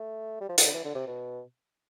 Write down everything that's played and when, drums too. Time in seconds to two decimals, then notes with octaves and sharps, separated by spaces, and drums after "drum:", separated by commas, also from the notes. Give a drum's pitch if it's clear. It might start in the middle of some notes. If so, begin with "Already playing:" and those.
Already playing: A3
0.41 G3
0.49 F3
0.57 E3, drum: hi-hat
0.65 D3
0.74 E3
0.85 D3
0.95 C3
1.07 B2